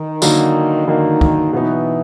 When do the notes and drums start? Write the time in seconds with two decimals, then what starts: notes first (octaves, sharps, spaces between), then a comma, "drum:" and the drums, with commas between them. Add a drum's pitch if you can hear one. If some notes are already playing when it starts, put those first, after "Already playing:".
Already playing: D#3
0.22 D3 F#3 A#3 D#4, drum: tambourine
0.87 D3 D#3 F#3 A#3 D#4
1.21 drum: kick
1.52 B2 E3 F#3 B3 D#4